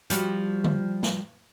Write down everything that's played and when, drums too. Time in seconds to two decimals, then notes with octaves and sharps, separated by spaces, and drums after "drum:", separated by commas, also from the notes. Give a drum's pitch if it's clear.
0.10 F3 G3 F#4, drum: hi-hat
0.64 drum: tom D3
1.03 drum: snare